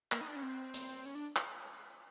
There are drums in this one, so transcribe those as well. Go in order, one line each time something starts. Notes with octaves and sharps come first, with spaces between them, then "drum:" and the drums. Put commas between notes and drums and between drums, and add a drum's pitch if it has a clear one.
A#3, drum: clap
D#4
D4
C#4
C4
drum: hi-hat
C#4
D4
drum: clap